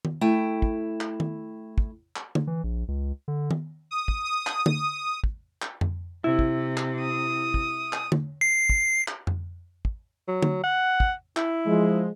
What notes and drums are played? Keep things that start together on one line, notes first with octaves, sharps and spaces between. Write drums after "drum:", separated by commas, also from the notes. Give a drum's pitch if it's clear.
drum: tom D#3
A3 E4 G5
drum: kick
drum: clap
drum: tom D#3
drum: kick
drum: clap
drum: tom D3
E3
A#1
C#2
D3
drum: tom D#3
D#6
drum: kick
D#6
drum: clap
D#6, drum: tom D3
drum: kick
drum: clap
drum: tom F2
C3 E4
drum: kick
drum: clap
D#6
drum: kick
drum: clap
drum: tom D3
C7
drum: kick
drum: clap
drum: tom F2
drum: kick
F#3
drum: tom D3
F#5
drum: kick
E4, drum: clap
F3 G#3